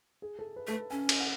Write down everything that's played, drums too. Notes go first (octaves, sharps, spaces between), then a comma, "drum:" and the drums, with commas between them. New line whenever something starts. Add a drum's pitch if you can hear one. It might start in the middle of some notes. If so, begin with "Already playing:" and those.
G#4
A4
B4
A3 A4
B4
C#4 G#5
drum: cymbal
F#5